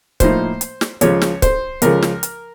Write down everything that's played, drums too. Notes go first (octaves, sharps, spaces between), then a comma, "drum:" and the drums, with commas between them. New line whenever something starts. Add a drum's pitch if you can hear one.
A2 F3 A#3 D#4 C5, drum: kick C#1, hi-hat
drum: hi-hat
drum: snare
C#2 C#3 F3 C#5, drum: hi-hat
drum: snare
C5, drum: kick C#1, hi-hat
C#2 C#3 F3 A#4, drum: hi-hat
drum: snare
drum: hi-hat